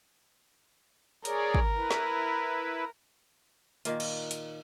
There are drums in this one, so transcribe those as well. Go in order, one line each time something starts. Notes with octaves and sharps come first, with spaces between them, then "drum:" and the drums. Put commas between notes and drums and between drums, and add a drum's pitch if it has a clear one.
G#4 A#4 C#5 D5, drum: hi-hat
drum: kick
E4 B4
drum: snare
A#2 D#3 A#3 F4, drum: hi-hat
drum: cymbal
drum: hi-hat